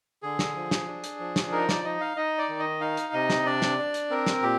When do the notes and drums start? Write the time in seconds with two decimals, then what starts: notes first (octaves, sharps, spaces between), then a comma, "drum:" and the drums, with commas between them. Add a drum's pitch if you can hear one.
0.23 D3 G#4
0.39 drum: snare
0.56 F3
0.71 drum: snare
0.87 D4
1.04 drum: hi-hat
1.20 F3
1.36 drum: snare
1.52 D#4 A#4
1.69 D5, drum: snare
1.84 D#4 D#5
2.01 F5
2.16 D#4 D#5
2.38 D5
2.49 D#3
2.59 D#5
2.81 D#4 F5
2.97 drum: hi-hat
3.13 C3 D#5
3.30 drum: snare
3.46 D4 D5
3.62 drum: snare
3.78 D4
3.94 drum: hi-hat
4.10 C4 A#4
4.26 drum: snare
4.43 A#2 G4